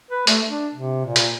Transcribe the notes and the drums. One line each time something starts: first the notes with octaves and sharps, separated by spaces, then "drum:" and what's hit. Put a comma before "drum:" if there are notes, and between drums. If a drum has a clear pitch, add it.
B4
A3, drum: hi-hat
D4
C3
A#2
drum: hi-hat